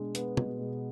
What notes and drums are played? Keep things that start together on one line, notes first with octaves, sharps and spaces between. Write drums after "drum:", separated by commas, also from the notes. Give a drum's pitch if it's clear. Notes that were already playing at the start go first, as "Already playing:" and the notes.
Already playing: B2 G#3 D4
B3, drum: hi-hat
B2, drum: tom B2
G#3